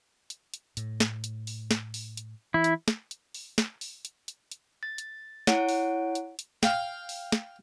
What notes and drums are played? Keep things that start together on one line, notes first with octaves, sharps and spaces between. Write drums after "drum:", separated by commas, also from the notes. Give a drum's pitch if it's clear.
drum: hi-hat
drum: hi-hat
A2, drum: hi-hat
drum: snare
drum: hi-hat
drum: open hi-hat
drum: snare
drum: open hi-hat
drum: hi-hat
E3 E4
drum: hi-hat
drum: snare
drum: hi-hat
drum: open hi-hat
drum: snare
drum: open hi-hat
drum: hi-hat
drum: hi-hat
drum: hi-hat
A6
drum: hi-hat
E4 C#5 F#5 D7, drum: snare
drum: open hi-hat
drum: hi-hat
drum: hi-hat
F5 G5, drum: snare
drum: open hi-hat
drum: snare